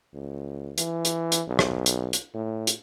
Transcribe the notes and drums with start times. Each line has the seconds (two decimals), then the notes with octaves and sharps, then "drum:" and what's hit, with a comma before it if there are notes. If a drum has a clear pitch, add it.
0.14 C#2
0.78 E3, drum: hi-hat
1.05 drum: hi-hat
1.32 drum: hi-hat
1.48 B1
1.59 drum: rim click
1.86 drum: hi-hat
2.13 drum: hi-hat
2.34 A2
2.67 drum: hi-hat